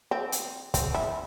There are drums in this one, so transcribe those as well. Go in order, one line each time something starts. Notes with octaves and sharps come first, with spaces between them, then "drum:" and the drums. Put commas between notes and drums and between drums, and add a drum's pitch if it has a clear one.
C4
drum: hi-hat
C4, drum: kick, hi-hat
E4